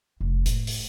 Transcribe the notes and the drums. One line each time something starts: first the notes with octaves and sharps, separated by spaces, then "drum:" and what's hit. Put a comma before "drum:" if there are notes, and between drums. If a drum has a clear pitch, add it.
F1
A2, drum: hi-hat
drum: open hi-hat